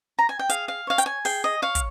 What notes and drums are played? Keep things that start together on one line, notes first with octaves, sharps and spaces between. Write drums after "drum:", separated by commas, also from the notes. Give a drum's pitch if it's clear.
A#5
G#5
G5
G#4 F5, drum: hi-hat
F5
C#5 F5
G5, drum: hi-hat
G#5
G#4 G5, drum: open hi-hat
D#5
C#5 F5
drum: kick, hi-hat